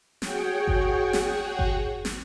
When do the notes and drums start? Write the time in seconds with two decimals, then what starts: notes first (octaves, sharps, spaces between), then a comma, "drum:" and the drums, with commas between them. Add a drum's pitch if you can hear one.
0.22 F#4 G#4 C#5 F#5 G5, drum: snare
0.68 drum: kick G1
1.13 drum: snare
1.59 drum: kick G1
2.05 drum: snare